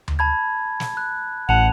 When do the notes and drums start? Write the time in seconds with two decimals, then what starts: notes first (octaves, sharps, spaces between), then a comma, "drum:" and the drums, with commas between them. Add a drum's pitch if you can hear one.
0.08 drum: tom D2
0.19 A5 B5 G#6
0.80 drum: snare
0.97 F#6
1.49 A1 F#5 A5 F7